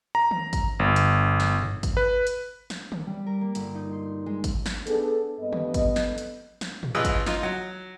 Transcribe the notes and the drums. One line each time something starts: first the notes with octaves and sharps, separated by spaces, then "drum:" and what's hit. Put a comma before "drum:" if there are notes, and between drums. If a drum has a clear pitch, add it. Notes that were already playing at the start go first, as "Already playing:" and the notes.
A#5
drum: tom D#3
drum: kick G#1, hi-hat
G1
drum: hi-hat
drum: snare
drum: tom G2
drum: kick G#1, hi-hat
B4
drum: hi-hat
drum: snare
drum: tom D3
G3
A#4
A#3
G1, drum: hi-hat
D#4
C6
G#3
drum: kick G#1, hi-hat
drum: snare
B3 D4 G#4 A4, drum: hi-hat
G2 G3 B3 A4 D#5
drum: tom D3
drum: kick G#1, hi-hat
drum: snare
drum: hi-hat
drum: snare
drum: tom A2
A1 F4 G#4 B4 D#5 E6
drum: kick G#1, hi-hat
D#4 F4, drum: snare
F#3